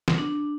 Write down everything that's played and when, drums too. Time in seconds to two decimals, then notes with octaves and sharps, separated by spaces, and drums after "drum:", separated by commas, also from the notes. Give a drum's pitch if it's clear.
0.08 drum: snare
0.18 D4